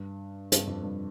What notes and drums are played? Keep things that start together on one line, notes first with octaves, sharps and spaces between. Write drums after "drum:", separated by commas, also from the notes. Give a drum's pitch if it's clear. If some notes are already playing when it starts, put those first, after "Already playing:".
Already playing: G2
G2, drum: hi-hat
F2
G2